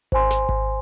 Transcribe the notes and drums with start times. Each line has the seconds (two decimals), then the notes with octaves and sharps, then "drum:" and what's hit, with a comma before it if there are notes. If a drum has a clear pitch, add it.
0.12 C5 G#5 C6, drum: kick G#1
0.30 drum: snare
0.49 drum: kick G#1